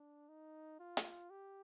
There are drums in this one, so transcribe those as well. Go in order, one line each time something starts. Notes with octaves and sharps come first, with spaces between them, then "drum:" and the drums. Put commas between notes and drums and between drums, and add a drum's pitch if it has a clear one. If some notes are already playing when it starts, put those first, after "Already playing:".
Already playing: D4
D#4
F4
drum: hi-hat
G4